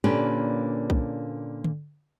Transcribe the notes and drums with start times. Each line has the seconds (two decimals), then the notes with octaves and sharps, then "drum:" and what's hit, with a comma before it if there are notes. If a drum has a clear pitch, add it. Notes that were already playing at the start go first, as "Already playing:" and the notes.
0.04 A#2 D3 A#3 C#4 G4 B4
0.90 drum: kick B1
1.64 drum: tom D3